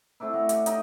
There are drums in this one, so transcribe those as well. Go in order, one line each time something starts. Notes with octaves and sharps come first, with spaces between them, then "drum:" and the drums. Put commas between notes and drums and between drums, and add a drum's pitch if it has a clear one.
A3 C4 D4 E4
C#5 D#5 F#5
G4, drum: hi-hat
D#4 C#5 D#5 G5, drum: hi-hat